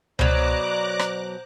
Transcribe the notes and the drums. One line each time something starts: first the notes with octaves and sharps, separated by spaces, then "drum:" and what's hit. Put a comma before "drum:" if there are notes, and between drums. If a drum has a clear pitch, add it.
B2 F#3 C5 D5 A#5 D6 F#6, drum: tom C#2
drum: rim click